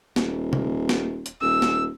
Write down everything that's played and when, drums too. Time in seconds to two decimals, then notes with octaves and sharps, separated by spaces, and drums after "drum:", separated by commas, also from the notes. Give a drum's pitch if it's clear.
0.16 D#1, drum: snare
0.53 drum: tom
0.89 drum: snare
1.26 drum: hi-hat
1.41 D#1 E6
1.62 drum: snare